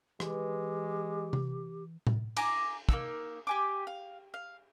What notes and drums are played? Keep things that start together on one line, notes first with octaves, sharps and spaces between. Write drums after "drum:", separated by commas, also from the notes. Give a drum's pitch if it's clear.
E3 G#3 G4, drum: rim click
drum: tom
drum: tom A2
G#5 A#5 D6, drum: cymbal
A#3 C4 D#4 E6, drum: kick
G4 G#5 D6
F5
F5